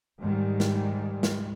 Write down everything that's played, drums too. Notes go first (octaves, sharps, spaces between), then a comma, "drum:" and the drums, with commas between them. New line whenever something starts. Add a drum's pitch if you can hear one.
G#2 D#3 G3
drum: snare
drum: snare